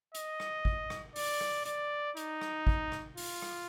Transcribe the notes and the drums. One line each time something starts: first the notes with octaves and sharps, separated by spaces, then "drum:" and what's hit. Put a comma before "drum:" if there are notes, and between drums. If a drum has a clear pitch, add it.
D#5, drum: hi-hat
drum: rim click
drum: kick
drum: rim click
D5, drum: open hi-hat
drum: rim click
D5, drum: hi-hat
D#4, drum: hi-hat
drum: rim click
drum: kick
drum: rim click
F4, drum: open hi-hat
drum: rim click